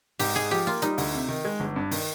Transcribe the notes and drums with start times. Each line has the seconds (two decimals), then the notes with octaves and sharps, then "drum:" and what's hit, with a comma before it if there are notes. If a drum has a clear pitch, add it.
0.19 G#2 G4, drum: open hi-hat
0.36 G#2 G#4
0.51 F3 G4
0.67 A#3 F4
0.82 G3 D#4, drum: hi-hat
0.98 D2, drum: open hi-hat
1.14 C3
1.29 D#3
1.45 G#3
1.60 G1
1.76 G2
1.91 D#3, drum: open hi-hat